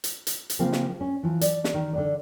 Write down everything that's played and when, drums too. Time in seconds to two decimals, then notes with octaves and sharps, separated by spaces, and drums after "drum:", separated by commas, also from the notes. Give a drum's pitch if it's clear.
0.04 drum: hi-hat
0.27 drum: hi-hat
0.50 drum: hi-hat
0.59 C#3 F3 A#3 C4
0.73 drum: snare
1.01 C#4
1.23 E3 F3
1.41 D5, drum: hi-hat
1.64 drum: snare
1.74 D#3
1.93 D3 D4 D5